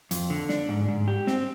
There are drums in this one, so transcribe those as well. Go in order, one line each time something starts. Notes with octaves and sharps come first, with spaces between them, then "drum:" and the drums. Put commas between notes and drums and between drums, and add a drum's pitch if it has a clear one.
F2, drum: hi-hat
D3
D4, drum: snare
G#2
G#2
G4
C4, drum: snare